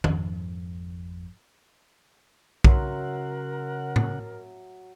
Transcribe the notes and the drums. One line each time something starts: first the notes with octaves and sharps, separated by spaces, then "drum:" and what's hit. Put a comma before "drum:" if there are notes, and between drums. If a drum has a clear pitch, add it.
G#1 F2, drum: tom
C#3 F#3 A#4 E5 F#5 C6, drum: kick
drum: tom A2